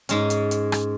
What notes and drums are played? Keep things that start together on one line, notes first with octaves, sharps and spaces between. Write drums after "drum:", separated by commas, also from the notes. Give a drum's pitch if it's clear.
G#2 G#3 C#4, drum: hi-hat
drum: hi-hat
drum: hi-hat
drum: rim click